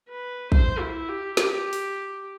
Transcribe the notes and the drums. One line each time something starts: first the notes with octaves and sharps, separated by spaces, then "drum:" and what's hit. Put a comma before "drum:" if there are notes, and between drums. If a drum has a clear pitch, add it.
B4
C5, drum: kick
E4
G4
G4, drum: snare
drum: open hi-hat